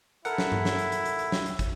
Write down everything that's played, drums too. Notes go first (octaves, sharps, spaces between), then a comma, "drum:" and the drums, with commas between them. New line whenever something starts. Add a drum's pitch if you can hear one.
E4 A4 A#4 F#5, drum: hi-hat
drum: snare
drum: tom G2
drum: snare
drum: hi-hat
drum: hi-hat
drum: hi-hat
drum: hi-hat
drum: snare
drum: hi-hat
drum: kick, hi-hat